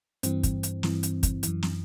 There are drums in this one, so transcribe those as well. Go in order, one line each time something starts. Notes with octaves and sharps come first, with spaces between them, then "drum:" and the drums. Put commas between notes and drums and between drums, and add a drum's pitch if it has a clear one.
G2 E3 C4, drum: hi-hat
drum: kick, hi-hat
drum: hi-hat
G2 E3, drum: snare
drum: hi-hat
drum: kick, hi-hat
F#2 E3, drum: hi-hat
drum: snare